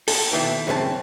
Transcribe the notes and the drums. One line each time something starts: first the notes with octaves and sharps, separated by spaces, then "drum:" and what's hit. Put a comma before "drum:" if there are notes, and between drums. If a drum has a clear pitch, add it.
A4, drum: open hi-hat
B2 D#3 E3 G5
F#2 C#3 C4 A4 A5